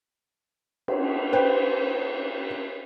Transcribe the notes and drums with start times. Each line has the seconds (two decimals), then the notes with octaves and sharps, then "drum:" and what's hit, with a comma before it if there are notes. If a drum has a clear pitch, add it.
0.88 drum: cymbal
1.33 B4 C5 G5